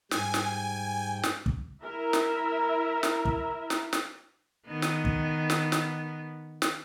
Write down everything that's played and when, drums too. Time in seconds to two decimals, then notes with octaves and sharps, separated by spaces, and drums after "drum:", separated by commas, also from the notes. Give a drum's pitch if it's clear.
0.11 G#2 G3 G5 G#5, drum: snare
0.34 drum: snare
1.23 drum: snare
1.46 drum: kick
1.83 E4 A#4 E5
2.13 drum: snare
3.03 drum: snare
3.25 drum: kick
3.70 drum: snare
3.93 drum: snare
4.67 D#3 B3
4.82 drum: snare
5.05 drum: kick
5.50 drum: snare
5.72 drum: snare
6.62 drum: snare